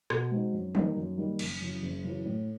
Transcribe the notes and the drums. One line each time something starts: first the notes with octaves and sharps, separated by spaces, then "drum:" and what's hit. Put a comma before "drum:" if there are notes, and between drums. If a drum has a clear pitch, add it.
B2, drum: rim click
G#3 C4 D#4 F#4
F#2
D#3 G3 A#3 D#4, drum: tom
F#2
D#3 G3 A#3 D#4
F#1, drum: cymbal
F#2 C#3 E3
F#1
F#2 C#3 E3
A2